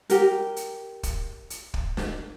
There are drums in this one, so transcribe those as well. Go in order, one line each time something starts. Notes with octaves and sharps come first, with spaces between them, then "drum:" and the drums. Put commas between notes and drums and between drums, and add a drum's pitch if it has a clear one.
G4 A#4, drum: hi-hat
drum: hi-hat
drum: kick, hi-hat
drum: hi-hat
drum: kick
drum: snare